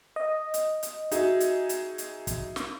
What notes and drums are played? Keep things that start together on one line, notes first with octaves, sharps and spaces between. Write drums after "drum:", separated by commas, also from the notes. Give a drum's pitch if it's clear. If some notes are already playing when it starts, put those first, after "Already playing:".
D#5
drum: hi-hat
drum: hi-hat
D#4 F#4 G#4 E5, drum: hi-hat
drum: hi-hat
drum: hi-hat
drum: hi-hat
drum: kick, hi-hat
drum: snare